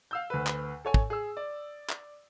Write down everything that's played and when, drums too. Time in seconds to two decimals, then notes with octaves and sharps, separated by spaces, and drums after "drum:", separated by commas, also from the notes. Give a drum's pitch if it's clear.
0.11 F5 E6 G6
0.30 D2 B4
0.47 drum: clap
0.85 A4 C#5 G#5
0.94 drum: kick
1.10 G#4 E6
1.37 D5
1.89 drum: clap